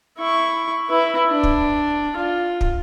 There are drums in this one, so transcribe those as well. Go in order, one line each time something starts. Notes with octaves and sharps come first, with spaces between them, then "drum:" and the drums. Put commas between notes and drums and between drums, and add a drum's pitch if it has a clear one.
E4 C#6
E4 B4
D4
drum: kick
F4
drum: kick